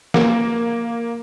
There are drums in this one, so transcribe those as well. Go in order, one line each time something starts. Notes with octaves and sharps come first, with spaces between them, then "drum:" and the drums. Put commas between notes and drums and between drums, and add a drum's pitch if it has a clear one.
A#3, drum: snare